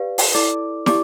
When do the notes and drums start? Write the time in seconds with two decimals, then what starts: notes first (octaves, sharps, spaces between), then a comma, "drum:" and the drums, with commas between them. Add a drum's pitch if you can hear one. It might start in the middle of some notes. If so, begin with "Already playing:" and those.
Already playing: G4 B4 D5 F5
0.18 drum: open hi-hat
0.34 E4 A4 D5 D6
0.86 E4 G4 D5 D6, drum: snare